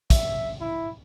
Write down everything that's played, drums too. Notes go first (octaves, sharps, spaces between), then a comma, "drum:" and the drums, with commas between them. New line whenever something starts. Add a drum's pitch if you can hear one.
E5, drum: kick, hi-hat
E4